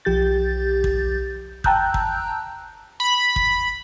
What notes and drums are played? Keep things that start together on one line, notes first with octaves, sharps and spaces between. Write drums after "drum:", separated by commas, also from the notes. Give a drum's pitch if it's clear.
B1 F3 G4 G6 A6
drum: kick
G5 A5 A#5 E6 F#6 G6, drum: kick
drum: kick
B5
drum: kick